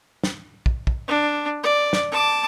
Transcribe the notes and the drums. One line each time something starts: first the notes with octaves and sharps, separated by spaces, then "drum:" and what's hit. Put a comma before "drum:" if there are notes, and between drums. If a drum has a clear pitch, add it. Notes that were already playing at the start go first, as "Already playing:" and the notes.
drum: snare
drum: kick
drum: kick
D4
D5
drum: snare
A5 D6